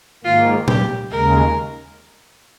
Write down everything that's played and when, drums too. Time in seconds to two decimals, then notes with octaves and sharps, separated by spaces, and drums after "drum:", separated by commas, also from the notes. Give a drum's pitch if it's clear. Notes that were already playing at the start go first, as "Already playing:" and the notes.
0.24 G#2 D#3 A#3 F4
0.68 G4, drum: tom A#2
1.11 D#2 C#3 G#3 A#4